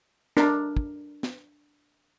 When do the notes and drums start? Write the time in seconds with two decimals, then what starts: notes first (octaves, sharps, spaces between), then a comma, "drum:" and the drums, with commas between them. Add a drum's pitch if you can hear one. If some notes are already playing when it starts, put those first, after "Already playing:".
0.37 D4 A#4, drum: snare
0.77 drum: kick
1.23 drum: snare